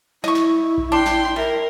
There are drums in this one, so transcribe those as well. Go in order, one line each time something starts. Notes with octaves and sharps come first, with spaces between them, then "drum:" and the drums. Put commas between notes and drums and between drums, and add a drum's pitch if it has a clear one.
E4 D#5 C#6, drum: snare
drum: snare
drum: kick A#1
D4 G5 C6
drum: snare
G3 A#4 E5